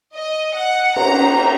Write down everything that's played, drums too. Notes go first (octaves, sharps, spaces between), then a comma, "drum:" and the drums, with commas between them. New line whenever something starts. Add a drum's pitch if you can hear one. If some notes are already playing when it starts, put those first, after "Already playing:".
D#5
F#5
A#5, drum: cymbal